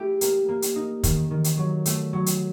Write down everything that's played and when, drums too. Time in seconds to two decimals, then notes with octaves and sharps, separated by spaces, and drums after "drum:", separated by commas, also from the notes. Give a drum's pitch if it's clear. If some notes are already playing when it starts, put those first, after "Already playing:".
Already playing: A3 E4 G4
0.21 A#3, drum: hi-hat
0.49 A#3
0.62 drum: hi-hat
0.76 D#4
1.03 D#3, drum: kick, hi-hat
1.31 D#3
1.44 drum: hi-hat
1.57 F#3
1.86 A3, drum: hi-hat
2.13 F#3
2.26 drum: hi-hat